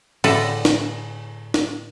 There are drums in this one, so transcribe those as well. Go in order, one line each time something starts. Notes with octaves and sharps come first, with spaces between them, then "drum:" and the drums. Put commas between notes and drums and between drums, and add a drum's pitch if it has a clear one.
A2 D3 A4 B4 D#5 A5, drum: cymbal
drum: snare
drum: snare